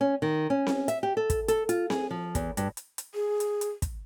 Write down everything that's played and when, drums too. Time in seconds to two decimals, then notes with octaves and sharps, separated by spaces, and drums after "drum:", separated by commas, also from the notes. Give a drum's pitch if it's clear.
0.01 C#4
0.22 D#3
0.50 C#4
0.67 drum: snare C4
0.88 E5, drum: hi-hat
1.03 G4
1.17 A4
1.30 drum: kick, hi-hat
1.48 A4, drum: hi-hat
1.69 F4, drum: hi-hat
1.90 G#4, drum: snare C4
2.11 F3
2.35 E2, drum: kick, hi-hat
2.57 G2, drum: hi-hat
2.77 drum: hi-hat
2.98 drum: hi-hat
3.14 G#4
3.40 drum: hi-hat
3.61 drum: hi-hat
3.82 drum: kick, hi-hat